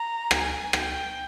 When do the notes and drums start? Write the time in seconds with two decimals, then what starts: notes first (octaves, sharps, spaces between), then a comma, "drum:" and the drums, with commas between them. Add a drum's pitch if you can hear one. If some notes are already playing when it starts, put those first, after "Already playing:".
Already playing: A#5
0.31 G#5, drum: rim click
0.73 G5, drum: rim click